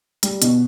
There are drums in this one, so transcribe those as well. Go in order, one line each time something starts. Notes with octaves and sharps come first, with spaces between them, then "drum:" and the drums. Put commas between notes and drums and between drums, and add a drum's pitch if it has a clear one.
G3, drum: hi-hat
B2, drum: hi-hat